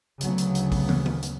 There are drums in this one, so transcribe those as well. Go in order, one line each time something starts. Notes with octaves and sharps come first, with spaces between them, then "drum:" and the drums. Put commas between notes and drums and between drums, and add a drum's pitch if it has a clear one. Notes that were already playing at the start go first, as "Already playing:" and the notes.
D2 C#3 F#3 B3, drum: hi-hat
drum: hi-hat
drum: hi-hat
drum: kick A#1, open hi-hat
drum: tom
drum: tom D#3
drum: hi-hat